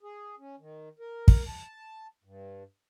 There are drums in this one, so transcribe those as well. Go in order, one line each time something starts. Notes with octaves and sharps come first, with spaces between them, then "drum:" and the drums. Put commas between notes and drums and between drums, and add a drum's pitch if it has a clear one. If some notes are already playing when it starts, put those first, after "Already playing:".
G#4
C#4
D#3
A#4
drum: kick
A5
G2